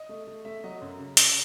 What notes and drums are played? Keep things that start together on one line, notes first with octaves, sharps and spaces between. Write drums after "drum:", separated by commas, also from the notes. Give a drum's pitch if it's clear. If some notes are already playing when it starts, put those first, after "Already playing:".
Already playing: D#5
A3
A3
A3 E5
F#3 D#5
F#2
C#3
C#3, drum: hi-hat